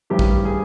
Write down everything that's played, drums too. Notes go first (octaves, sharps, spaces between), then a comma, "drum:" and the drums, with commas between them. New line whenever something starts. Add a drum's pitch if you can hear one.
A1 G2 D#3 G4
drum: kick A1
G#4